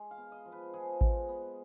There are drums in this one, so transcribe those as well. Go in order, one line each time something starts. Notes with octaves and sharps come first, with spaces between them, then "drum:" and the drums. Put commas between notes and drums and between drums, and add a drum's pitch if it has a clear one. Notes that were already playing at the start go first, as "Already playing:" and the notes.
Already playing: G#3
F5
B3
D#5
F3
B4
F3 G#4
G#3, drum: kick A1
B3